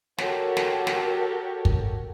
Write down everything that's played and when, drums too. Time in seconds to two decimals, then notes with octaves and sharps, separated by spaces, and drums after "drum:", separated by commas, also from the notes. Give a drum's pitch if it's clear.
0.18 F#4 G4 A4 A#4 C#5, drum: snare
0.57 drum: snare
0.87 drum: snare
1.65 drum: kick